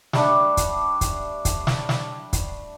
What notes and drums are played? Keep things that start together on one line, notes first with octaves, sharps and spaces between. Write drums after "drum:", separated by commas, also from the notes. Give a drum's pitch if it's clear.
G3 A3 D4, drum: snare
drum: kick, hi-hat
drum: kick, hi-hat
drum: kick, hi-hat
drum: snare
drum: snare
drum: kick, hi-hat